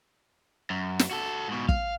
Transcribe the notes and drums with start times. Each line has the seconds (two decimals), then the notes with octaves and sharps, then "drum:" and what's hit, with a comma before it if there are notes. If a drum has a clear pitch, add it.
0.70 F#2
0.99 drum: snare
1.11 F#4 A4
1.48 G#2 B2
1.69 F5, drum: kick